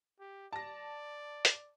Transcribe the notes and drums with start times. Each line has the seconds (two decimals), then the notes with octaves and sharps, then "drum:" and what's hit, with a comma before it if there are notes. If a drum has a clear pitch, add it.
0.20 G4
0.52 D5 A5 A#6
1.45 drum: hi-hat